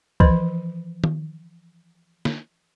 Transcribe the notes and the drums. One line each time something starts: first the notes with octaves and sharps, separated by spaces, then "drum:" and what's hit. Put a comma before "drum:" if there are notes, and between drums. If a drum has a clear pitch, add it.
E3 F3 B4 D#5 B5, drum: kick
drum: tom D#3
drum: snare